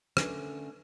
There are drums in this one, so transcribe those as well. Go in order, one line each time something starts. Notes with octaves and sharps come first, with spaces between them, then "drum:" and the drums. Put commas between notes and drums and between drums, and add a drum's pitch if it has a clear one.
D3 A3 C#4 D4 A#4 B4, drum: rim click